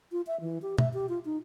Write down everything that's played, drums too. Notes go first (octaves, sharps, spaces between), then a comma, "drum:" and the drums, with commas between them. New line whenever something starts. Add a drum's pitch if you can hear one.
F4
E5
E3
G4
E5, drum: tom
G4
F4
D#4